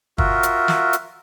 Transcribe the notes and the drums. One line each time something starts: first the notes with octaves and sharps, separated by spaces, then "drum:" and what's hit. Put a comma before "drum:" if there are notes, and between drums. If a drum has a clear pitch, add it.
F4 F#4 A#4 E5, drum: kick
drum: hi-hat
drum: snare
drum: hi-hat